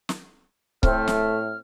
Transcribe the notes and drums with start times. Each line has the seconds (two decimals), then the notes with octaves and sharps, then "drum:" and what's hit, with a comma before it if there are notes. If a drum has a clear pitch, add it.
0.09 drum: snare
0.83 A2 A3 C4 F6, drum: kick C#1
1.08 drum: snare